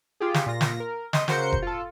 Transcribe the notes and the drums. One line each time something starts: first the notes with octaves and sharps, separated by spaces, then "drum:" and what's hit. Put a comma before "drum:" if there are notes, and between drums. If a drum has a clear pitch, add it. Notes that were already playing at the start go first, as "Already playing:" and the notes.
F4 G4 G#4
drum: snare
A#2 F4 A#6
drum: snare
A#4
D#5 C6 D#6, drum: snare
C#3 F#4 A#4 C5 G6 C#7, drum: snare
drum: kick F1
F4 A4